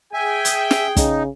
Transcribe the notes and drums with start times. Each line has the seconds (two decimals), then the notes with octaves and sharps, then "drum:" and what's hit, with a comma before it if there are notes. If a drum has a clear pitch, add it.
0.14 G#4 E5 G5 G#5
0.45 drum: hi-hat
0.71 drum: snare
0.97 C#3 D#4, drum: kick, hi-hat